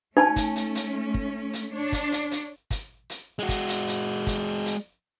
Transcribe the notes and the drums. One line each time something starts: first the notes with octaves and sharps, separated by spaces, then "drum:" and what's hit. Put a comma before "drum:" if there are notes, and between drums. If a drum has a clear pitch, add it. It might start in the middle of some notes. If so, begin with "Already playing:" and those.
A3 C#4 D#4 G#5 A5
drum: kick, hi-hat
drum: hi-hat
drum: hi-hat
drum: kick
drum: hi-hat
D4 C#5
drum: kick, hi-hat
drum: hi-hat
drum: hi-hat
drum: kick, hi-hat
drum: hi-hat
G#3 F#4
drum: kick, hi-hat
drum: hi-hat
drum: hi-hat
drum: kick, hi-hat
drum: hi-hat